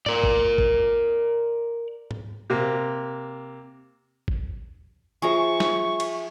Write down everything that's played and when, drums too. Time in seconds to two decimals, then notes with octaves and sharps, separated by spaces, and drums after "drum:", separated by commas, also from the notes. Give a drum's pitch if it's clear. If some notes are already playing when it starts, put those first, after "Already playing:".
0.06 A#4 D5, drum: tom G#2
0.24 drum: kick A1
0.58 drum: kick A1
2.11 drum: tom G#2
2.50 C3 A#3
4.28 drum: kick A1
5.22 F3 G#4 E5 A#5 C#6
5.60 drum: snare
6.00 drum: cymbal